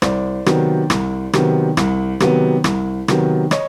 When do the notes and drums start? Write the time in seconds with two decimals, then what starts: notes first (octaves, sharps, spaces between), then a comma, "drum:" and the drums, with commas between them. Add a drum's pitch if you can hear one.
0.02 C2 C5 D5, drum: rim click
0.46 C3 D#3 F#3 B3, drum: rim click
0.90 C2, drum: rim click
1.33 C3 D#3 F#3 B3, drum: rim click
1.77 C2, drum: rim click
2.20 C3 D#3 F#3 B3, drum: rim click
2.64 C2, drum: rim click
3.08 C3 D#3 F#3 B3, drum: rim click
3.51 C#5 D#5, drum: rim click